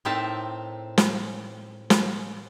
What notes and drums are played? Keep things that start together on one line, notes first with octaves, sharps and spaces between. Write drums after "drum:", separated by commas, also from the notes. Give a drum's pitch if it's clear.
A2 C4 D#4 A#4 E5 A5
drum: snare
drum: snare